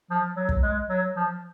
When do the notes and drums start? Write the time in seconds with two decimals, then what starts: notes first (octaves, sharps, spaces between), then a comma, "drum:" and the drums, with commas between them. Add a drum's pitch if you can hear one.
0.11 F3
0.36 F#3
0.49 drum: kick
0.63 G#3
0.89 F#3
1.16 F3